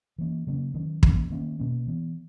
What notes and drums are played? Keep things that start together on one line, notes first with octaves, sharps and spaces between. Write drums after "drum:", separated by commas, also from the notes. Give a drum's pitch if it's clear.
E3 A#3 C#4
C#3 F#3 A#3 C#4
D#3 F#3 C#4
E3 A#3 C#4, drum: kick
D#3 A#3 C#4
B2 A#3 C#4
E3 B3